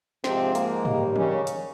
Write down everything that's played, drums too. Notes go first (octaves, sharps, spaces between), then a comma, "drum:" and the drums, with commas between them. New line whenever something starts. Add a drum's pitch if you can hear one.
G#2 C3 F3 G#3 C4, drum: snare
A#3, drum: hi-hat
D#2 D#3 G3, drum: tom G#2
C#3 C#4, drum: tom D#3
drum: hi-hat